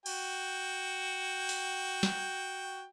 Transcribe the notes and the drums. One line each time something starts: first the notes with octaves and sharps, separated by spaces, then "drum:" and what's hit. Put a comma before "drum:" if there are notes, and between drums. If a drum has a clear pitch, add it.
F#4 G5, drum: cymbal
drum: open hi-hat
drum: snare